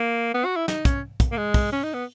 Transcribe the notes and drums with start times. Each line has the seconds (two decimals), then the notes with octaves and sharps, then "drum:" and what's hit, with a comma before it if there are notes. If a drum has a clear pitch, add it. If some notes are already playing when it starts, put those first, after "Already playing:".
Already playing: A#3
0.34 B3
0.45 F#4
0.56 E4
0.68 D#4, drum: snare
0.85 C#4, drum: kick, hi-hat
1.20 drum: kick, hi-hat
1.32 A#3
1.37 G#3
1.54 drum: kick, open hi-hat
1.72 C#4
1.83 D#4
1.94 B3